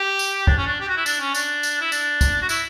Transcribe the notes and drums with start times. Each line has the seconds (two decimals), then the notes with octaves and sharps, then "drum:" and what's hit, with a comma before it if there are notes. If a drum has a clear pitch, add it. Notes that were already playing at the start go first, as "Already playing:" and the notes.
Already playing: G4
0.19 drum: tambourine
0.47 D4, drum: kick
0.57 C#4
0.67 D4
0.80 G4
0.89 F#4
0.96 E4
1.06 D4, drum: tambourine
1.20 C#4
1.35 D4, drum: tambourine
1.63 drum: tambourine
1.81 E4
1.92 D4, drum: tambourine
2.21 drum: kick, tambourine
2.41 F#4
2.49 E4, drum: tambourine